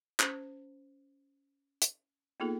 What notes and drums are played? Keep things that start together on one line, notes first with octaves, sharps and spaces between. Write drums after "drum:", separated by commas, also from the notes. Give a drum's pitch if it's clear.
C#4 C5, drum: clap
drum: hi-hat
A#3 B3 D#4 F4 G#4 A4